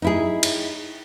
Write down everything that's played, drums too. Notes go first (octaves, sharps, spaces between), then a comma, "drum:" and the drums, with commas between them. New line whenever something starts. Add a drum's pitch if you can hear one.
D#4 E4 G#4
drum: cymbal